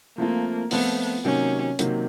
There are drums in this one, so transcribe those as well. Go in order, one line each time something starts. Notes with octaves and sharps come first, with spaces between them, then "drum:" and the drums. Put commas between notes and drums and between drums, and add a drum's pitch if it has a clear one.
F3 A3 A#3 C4 F4
F3 A3 B3 C4 F4, drum: open hi-hat
C3 D#3 F#3 A#3 C#4
C3 D#3 F#3 A#3, drum: hi-hat